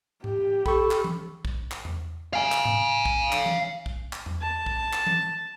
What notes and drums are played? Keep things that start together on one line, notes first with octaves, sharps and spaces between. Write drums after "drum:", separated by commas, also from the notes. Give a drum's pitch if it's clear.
G4, drum: tom G#2
A4 B5 C#6, drum: kick
drum: clap
drum: tom E3
drum: kick
drum: clap
drum: tom E2
F5 G#5
drum: clap
drum: tom G#2
drum: kick
drum: clap
drum: tom E3
drum: kick
drum: clap
drum: tom E2
A5
drum: kick
drum: clap
drum: tom E3